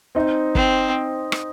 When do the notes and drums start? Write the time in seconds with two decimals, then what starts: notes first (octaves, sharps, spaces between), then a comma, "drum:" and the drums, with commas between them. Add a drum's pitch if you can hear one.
0.15 C4 D#4
0.55 C4, drum: kick
1.32 drum: rim click